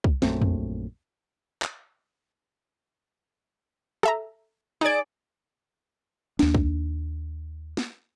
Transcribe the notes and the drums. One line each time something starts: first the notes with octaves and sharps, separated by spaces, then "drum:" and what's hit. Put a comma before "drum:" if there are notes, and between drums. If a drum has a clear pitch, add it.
drum: kick
A#1 F#2 A3 C4, drum: snare
drum: tom E2
drum: clap
A4 E5 A#5, drum: rim click
D#4 G#4 D5 G#6
D#2 D4, drum: snare
drum: kick
drum: snare